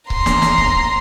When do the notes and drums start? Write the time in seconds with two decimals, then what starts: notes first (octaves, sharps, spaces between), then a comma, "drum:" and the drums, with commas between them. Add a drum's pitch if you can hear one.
0.10 A#5 C6, drum: kick C#1
0.26 drum: snare
0.42 drum: snare
0.58 drum: kick C#1